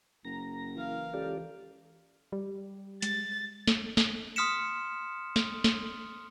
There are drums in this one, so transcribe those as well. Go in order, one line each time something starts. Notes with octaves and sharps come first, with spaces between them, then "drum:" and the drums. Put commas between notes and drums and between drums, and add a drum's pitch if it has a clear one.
F#1 A#5 A#6
E3 A#4 F5
C#2 G4 A4 D5
G3 G4
G#3 A6, drum: hi-hat
drum: snare
drum: snare
C6 D#6 F6 B6 C#7 E7
drum: snare
drum: snare